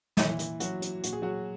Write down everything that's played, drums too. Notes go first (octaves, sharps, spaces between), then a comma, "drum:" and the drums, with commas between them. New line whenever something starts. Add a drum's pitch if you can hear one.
A#2 E3 E4, drum: snare
drum: hi-hat
F#3 F#4, drum: hi-hat
drum: hi-hat
A#2 F#4, drum: hi-hat
G#4
F#3 F#4